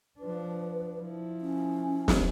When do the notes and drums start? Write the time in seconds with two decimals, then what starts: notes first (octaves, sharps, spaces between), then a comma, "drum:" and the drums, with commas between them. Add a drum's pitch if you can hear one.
0.20 F3 D4 B4
1.01 F3 E4
1.41 C#4
2.08 drum: snare